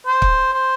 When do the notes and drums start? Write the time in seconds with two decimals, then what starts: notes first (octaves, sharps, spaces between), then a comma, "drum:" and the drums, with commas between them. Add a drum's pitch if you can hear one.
0.06 C5
0.22 drum: kick
0.53 C5